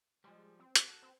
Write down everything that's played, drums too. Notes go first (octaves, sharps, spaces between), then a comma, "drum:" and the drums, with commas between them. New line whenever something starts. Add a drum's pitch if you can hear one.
F3 G3 G#3
C4
drum: hi-hat
F#4 A4 F#6
C4